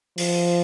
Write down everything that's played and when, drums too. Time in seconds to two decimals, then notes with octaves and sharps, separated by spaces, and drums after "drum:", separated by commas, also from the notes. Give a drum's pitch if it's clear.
0.18 F3, drum: open hi-hat